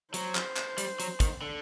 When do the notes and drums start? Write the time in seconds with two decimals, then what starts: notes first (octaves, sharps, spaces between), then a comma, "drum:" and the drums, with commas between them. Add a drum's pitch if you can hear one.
0.14 F#3 C5, drum: hi-hat
0.35 drum: clap
0.57 drum: clap
0.78 G3, drum: hi-hat
1.00 F#3, drum: hi-hat
1.20 D#3, drum: kick, hi-hat
1.42 D3